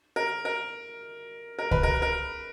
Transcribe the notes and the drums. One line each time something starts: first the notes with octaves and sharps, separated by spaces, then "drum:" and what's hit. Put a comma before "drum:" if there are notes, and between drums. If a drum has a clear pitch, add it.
A#4
A#4
A#4
B4, drum: kick C#2
A#4
A#4